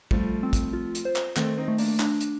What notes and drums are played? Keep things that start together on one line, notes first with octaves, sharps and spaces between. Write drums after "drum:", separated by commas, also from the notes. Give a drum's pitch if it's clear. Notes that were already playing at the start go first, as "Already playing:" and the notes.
F3 G3 A3, drum: kick
C4
drum: kick, hi-hat
F4
drum: hi-hat
C5
drum: clap
D#3 A3 C4, drum: clap
C4 D#4
A3
A#3 D4, drum: open hi-hat
D4, drum: clap
drum: hi-hat